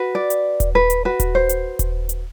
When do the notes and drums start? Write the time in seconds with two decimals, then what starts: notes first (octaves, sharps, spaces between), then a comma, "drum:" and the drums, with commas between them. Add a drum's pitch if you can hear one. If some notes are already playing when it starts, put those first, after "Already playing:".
Already playing: F#4 B4
0.15 D5
0.30 drum: hi-hat
0.60 drum: kick D#1, hi-hat
0.75 B4
0.90 drum: hi-hat
1.05 F#4 B4
1.20 drum: kick D#1, hi-hat
1.35 C5
1.49 drum: hi-hat
1.79 drum: kick D#1, hi-hat
2.09 drum: hi-hat